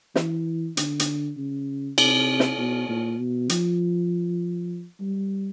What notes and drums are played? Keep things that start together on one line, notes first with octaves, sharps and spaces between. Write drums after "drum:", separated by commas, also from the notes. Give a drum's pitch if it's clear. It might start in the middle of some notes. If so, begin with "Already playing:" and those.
E3, drum: snare
D3, drum: hi-hat
drum: hi-hat
C#3
C3, drum: cymbal
drum: snare
B2
A#2
B2
F3, drum: hi-hat
G3